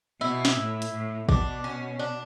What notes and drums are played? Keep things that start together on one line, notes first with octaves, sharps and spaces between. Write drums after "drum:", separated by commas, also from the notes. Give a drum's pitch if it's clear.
B2 E4
drum: snare
A2
drum: hi-hat
A2
B2 D4, drum: kick
C#4
D4